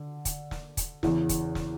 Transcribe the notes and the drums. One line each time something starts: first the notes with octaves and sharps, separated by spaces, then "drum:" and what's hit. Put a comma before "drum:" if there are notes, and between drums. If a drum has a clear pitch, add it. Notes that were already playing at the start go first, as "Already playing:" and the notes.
Already playing: D3
drum: kick, hi-hat
drum: snare
drum: kick, hi-hat
E2 C#3 E3, drum: snare
drum: kick, hi-hat
drum: snare